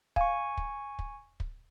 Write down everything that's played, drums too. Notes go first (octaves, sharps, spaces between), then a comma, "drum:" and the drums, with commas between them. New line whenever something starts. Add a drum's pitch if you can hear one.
F5 G#5 C#6, drum: kick
drum: kick
drum: kick
drum: kick